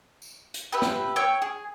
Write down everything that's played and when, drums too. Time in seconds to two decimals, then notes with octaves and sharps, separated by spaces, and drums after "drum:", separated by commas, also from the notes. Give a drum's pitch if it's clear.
0.22 drum: tambourine
0.54 drum: hi-hat
0.72 G4 B4 E5
0.82 drum: snare
1.16 C#5 G5 E6
1.42 G#4